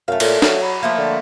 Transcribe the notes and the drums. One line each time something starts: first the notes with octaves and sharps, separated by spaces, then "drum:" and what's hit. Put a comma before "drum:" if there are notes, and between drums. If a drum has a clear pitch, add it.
F#2 A3 F5
A#2 A4 C#5 D5, drum: cymbal
F#3, drum: snare
C#5 A#5 B5
F3 A3 A#3
D3